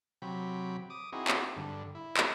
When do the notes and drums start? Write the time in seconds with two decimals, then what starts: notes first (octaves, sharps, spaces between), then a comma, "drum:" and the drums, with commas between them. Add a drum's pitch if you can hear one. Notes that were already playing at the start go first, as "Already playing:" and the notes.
0.22 C3 F#3 G5 B5
0.90 D6 D#6
1.12 C4 D#4 E4 F#4 G#4
1.28 drum: clap
1.56 G2 D3
1.95 E4
2.17 drum: clap